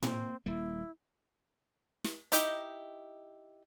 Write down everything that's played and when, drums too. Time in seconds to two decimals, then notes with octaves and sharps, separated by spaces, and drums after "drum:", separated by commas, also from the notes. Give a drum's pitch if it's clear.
0.03 A#3 C4, drum: tom A2
0.46 D#1 G3 A#3 E4
2.04 drum: snare
2.32 D#4 E4 G4 D#5, drum: hi-hat